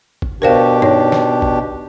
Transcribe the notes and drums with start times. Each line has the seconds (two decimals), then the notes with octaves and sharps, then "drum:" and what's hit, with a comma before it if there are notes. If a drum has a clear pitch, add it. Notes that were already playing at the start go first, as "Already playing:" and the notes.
0.22 drum: kick
0.42 B2 D4 G4 A#4 C5 F5
0.82 D#4 C#5, drum: tom G2
1.12 drum: snare
1.42 drum: kick